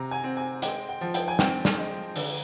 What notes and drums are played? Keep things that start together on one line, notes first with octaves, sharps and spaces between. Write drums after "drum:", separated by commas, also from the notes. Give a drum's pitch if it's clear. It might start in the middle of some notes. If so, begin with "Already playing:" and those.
Already playing: C3 A#5
G#5
C4
G#5
G#3 G5, drum: hi-hat
G5
F3
G5, drum: hi-hat
G#5
C4 G5, drum: snare
drum: snare
G#3
D3, drum: open hi-hat